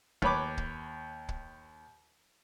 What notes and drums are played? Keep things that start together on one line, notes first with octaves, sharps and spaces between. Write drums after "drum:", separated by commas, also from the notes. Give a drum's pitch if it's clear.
D#2 B4 C#5 B5 D6, drum: kick
drum: kick
drum: kick